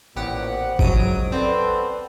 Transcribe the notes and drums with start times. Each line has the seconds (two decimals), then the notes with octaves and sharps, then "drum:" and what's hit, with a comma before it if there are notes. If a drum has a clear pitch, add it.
0.16 A1 A#2 B3 C4 G4 F#5 C#6
0.79 C#2 G#2 F#3 D#6 D7, drum: kick
1.32 C4 A4 B4 D5 F#5 C6